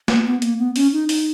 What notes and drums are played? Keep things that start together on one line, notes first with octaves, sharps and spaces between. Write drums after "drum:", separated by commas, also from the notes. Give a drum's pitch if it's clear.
A#3, drum: snare
B3
A#3, drum: hi-hat
B3
C#4, drum: open hi-hat
D#4
D#4, drum: open hi-hat